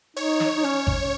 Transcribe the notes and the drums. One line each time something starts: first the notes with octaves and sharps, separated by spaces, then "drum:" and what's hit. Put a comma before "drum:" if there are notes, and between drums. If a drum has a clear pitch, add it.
D#4 C#5, drum: hi-hat
drum: snare
D#4
C#4, drum: hi-hat
drum: kick G#1